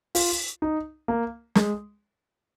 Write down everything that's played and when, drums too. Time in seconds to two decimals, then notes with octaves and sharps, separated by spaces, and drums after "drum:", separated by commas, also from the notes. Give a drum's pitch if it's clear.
0.15 F4, drum: open hi-hat
0.62 D#4
1.08 A#3
1.55 G#3, drum: snare